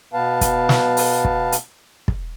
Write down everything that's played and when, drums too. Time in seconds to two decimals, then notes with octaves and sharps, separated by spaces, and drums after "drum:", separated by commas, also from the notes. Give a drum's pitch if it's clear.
0.13 B2 B3 B4 F5 A5
0.41 drum: kick, hi-hat
0.69 drum: snare
0.97 drum: open hi-hat
1.25 drum: kick
1.52 drum: hi-hat
2.08 drum: kick